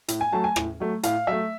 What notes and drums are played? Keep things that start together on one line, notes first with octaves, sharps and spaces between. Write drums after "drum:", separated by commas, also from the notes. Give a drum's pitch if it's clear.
A2, drum: hi-hat
G#5
F#3 A3 A5
G#5
A2, drum: rim click
F#3 A3
A2 F5, drum: hi-hat
F#3 A3 E5